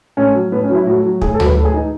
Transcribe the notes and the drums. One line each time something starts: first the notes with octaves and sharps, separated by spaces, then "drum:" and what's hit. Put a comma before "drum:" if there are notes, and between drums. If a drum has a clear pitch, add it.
A2 C#4
F#3
A2 B3
C#4
F#3 E4
A2 F#4
F#3
A2 G#4, drum: kick
A4
F#3, drum: tom D2
B4
A2 A4
G#4
E3 D#4